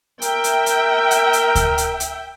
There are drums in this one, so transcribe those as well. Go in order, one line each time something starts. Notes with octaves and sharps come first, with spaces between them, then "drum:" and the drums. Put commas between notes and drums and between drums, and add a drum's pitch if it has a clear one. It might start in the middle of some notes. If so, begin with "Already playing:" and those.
A#4 E5 G5, drum: hi-hat
drum: hi-hat
drum: hi-hat
drum: hi-hat
drum: hi-hat
drum: kick D2, hi-hat
drum: hi-hat
drum: hi-hat